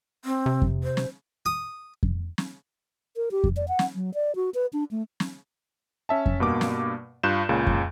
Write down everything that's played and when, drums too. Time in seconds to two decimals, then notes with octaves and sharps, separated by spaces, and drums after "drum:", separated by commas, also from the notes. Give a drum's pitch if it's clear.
0.25 C4
0.46 C3
0.62 drum: kick F2
0.84 C5
0.97 drum: snare
1.46 D#6
2.03 drum: kick F2
2.38 drum: snare
3.16 A#4
3.31 G4
3.44 drum: kick F2
3.57 D5
3.68 F#5
3.79 drum: snare
3.95 F#3
4.14 D5
4.35 F#4
4.54 B4
4.73 D4
4.91 A3
5.20 drum: snare
6.09 C#4 E5 A5
6.26 drum: kick F2
6.40 G2 B2 A#3 D6
6.61 drum: snare
7.23 G2 F4 F#6 G6 E7
7.49 C#2 A#2 C#3
7.67 drum: kick F2